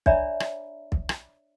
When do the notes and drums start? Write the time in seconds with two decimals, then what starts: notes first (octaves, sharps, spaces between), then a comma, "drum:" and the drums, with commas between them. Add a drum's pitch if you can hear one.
0.06 D4 C#5 D5 E5 A#5 B5, drum: kick
0.40 drum: rim click
0.92 drum: kick
1.09 drum: rim click